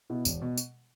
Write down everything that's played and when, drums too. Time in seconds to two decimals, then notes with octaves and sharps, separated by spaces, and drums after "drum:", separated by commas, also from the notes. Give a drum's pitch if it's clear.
0.10 B2 B3 E4
0.25 E1, drum: tambourine
0.42 B2
0.57 drum: tambourine